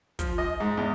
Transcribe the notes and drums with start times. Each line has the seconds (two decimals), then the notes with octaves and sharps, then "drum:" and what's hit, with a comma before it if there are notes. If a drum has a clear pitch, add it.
0.19 F3, drum: kick, hi-hat
0.38 D#5
0.60 G#2
0.77 E2